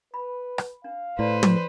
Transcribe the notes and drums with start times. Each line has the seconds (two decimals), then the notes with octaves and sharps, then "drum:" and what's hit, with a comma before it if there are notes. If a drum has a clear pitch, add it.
0.14 B4 B5
0.58 drum: rim click
0.84 D4 F5
1.19 A2 E4 B4 C5 D5 C6
1.43 drum: tom